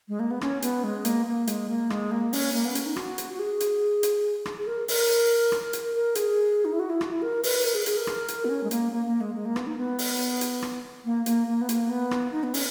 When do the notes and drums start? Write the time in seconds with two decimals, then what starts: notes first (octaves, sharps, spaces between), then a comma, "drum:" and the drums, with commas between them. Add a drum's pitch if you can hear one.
0.08 G#3
0.20 A#3
0.31 B3
0.41 C#4, drum: rim click
0.62 B3, drum: hi-hat
0.84 G#3
1.05 A#3, drum: hi-hat
1.26 A#3
1.47 G#3, drum: hi-hat
1.69 A#3
1.90 G#3, drum: rim click
2.11 A#3
2.33 C#4, drum: open hi-hat
2.54 A#3
2.65 B3
2.75 C#4, drum: hi-hat
2.86 D#4
2.96 F#4, drum: rim click
3.18 drum: hi-hat
3.33 F#4
3.39 G#4
3.60 drum: hi-hat
4.03 drum: hi-hat
4.45 drum: rim click
4.58 G#4
4.67 A#4
4.88 A#4, drum: open hi-hat
5.52 drum: rim click
5.73 drum: hi-hat
5.95 A#4
6.15 G#4, drum: hi-hat
6.65 D#4
6.72 E4
6.79 F#4
6.90 E4
7.01 F#4, drum: rim click
7.11 E4
7.22 A#4
7.43 B4, drum: open hi-hat
7.64 A#4
7.75 G#4
7.86 G#4, drum: hi-hat
7.97 A#4
8.07 drum: rim click
8.28 drum: hi-hat
8.45 B3
8.49 C#4
8.63 G#3
8.71 A#3, drum: hi-hat
8.92 A#3
9.06 A#3
9.21 G#3
9.35 G#3
9.45 A#3
9.56 B3, drum: rim click
9.67 D#4
9.77 B3
9.99 drum: open hi-hat
10.41 drum: hi-hat
10.62 drum: rim click
11.05 A#3
11.26 A#3, drum: hi-hat
11.47 A#3
11.61 B3
11.69 A#3, drum: hi-hat
11.89 B3
12.11 drum: rim click
12.32 D#4
12.43 B3
12.54 C#4, drum: open hi-hat